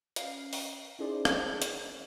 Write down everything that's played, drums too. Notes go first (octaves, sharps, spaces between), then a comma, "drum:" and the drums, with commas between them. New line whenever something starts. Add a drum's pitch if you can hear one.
C#4 F5 C7, drum: hi-hat
drum: open hi-hat
C#4 D#4 E4 G#4 C5 D5
drum: rim click
drum: hi-hat